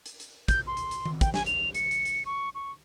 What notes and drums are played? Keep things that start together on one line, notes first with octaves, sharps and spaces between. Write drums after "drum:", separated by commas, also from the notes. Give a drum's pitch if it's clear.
drum: hi-hat
drum: hi-hat
G6, drum: kick, hi-hat
C6
drum: hi-hat
drum: hi-hat
drum: tom D#3
G5, drum: kick, hi-hat
G#5, drum: snare
F7, drum: hi-hat
C#7, drum: hi-hat
drum: hi-hat
drum: hi-hat
C#6
C#6